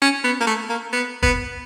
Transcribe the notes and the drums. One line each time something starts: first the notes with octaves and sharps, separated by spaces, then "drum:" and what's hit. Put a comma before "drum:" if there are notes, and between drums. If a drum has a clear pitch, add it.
C#4
B3
A#3
A3
A#3
B3
B3, drum: kick